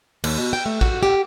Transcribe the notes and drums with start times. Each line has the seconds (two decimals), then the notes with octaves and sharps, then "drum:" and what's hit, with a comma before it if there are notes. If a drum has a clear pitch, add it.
0.24 D#2, drum: cymbal
0.38 B2
0.53 G5
0.66 A3
0.81 F#4, drum: kick A1
1.03 G4